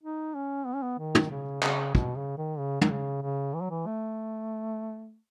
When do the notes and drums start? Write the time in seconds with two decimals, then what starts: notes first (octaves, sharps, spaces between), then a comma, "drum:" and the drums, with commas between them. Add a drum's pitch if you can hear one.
0.03 D#4
0.35 C#4
0.66 B3
0.75 C#4
0.83 B3
0.99 D#3
1.15 drum: tom
1.31 C#3
1.63 C#3, drum: clap
1.95 B2, drum: kick
2.16 C#3
2.38 D#3
2.59 C#3
2.81 D#3, drum: tom
2.91 C#3
3.22 C#3
3.55 E3
3.62 F#3
3.70 E3
3.86 A3